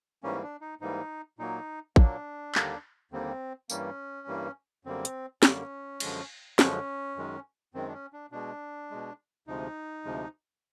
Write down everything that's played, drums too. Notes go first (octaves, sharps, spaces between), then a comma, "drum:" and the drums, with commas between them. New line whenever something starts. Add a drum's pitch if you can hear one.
G#2 E3 G3 A#3 C#4
D4
D#4
G#2 E3 G3 A#3 D#4
A#2 F#3 A#3 D#4
A#2 F#3 A#3 D4, drum: kick A1
D#2 D3 G3 A#3, drum: clap
D#2 D3 G3 A#3 C4
G2 E3 G3 A#3 C#4, drum: tambourine
G2 E3 G3 A#3
F#2 D3 G3 A#3 C4
drum: hi-hat
F#2 D3 G3 A#3 C#4, drum: snare
F#2 D3 F3 G#3, drum: cymbal
F#2 D3 F3 G#3 C#4, drum: snare
F#2 D#3 G#3
F#2 D#3 G#3 C4
D4
C#4
D4
B2 G#3 D4
B2 G#3
D2 C3 F3 G#3 D#4
D2 C3 F3 G#3